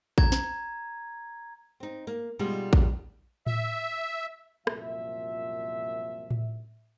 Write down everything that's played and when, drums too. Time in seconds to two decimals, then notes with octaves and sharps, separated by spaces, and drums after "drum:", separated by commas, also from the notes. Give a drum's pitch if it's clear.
0.18 A#5 G#6, drum: kick A1
0.32 drum: snare
1.80 C4 D#4
2.07 A#3
2.39 B2 G3 G#3 D#4 F4
2.73 drum: kick A1
3.47 E5, drum: tom A2
4.67 C2 F#2 A#2 F3 E5, drum: rim click
6.31 drum: tom A2